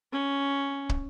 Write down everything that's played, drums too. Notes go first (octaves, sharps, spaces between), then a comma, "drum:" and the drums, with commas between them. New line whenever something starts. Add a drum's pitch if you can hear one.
C#4
drum: kick